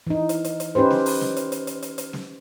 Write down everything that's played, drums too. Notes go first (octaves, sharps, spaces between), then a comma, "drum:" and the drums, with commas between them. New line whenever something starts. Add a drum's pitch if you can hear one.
E3 D#4
drum: hi-hat
drum: hi-hat
drum: hi-hat
C#4 D#4 G4 B4 C5
drum: snare
drum: open hi-hat
drum: snare
drum: hi-hat
drum: hi-hat
drum: hi-hat
drum: hi-hat
drum: hi-hat
drum: snare